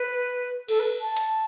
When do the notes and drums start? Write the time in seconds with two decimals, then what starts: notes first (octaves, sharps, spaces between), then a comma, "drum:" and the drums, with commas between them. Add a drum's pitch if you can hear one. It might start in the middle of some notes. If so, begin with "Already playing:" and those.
Already playing: B4
0.68 A4, drum: cymbal
0.80 B4
1.00 A5
1.17 drum: hi-hat